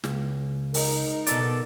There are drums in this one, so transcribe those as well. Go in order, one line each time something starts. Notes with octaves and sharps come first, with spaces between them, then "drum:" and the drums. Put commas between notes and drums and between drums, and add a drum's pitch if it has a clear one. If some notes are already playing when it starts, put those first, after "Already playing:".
C#2, drum: snare
D#4 A#4, drum: open hi-hat
B2 A4 D5, drum: hi-hat